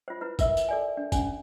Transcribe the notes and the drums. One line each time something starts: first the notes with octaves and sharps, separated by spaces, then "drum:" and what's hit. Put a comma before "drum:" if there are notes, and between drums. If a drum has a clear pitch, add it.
F4 C5
E4 B4
A#4 E5 E6, drum: kick G1, tambourine
drum: tambourine
A4 D5 G#5
D4
C#4 G#5, drum: kick G1, tambourine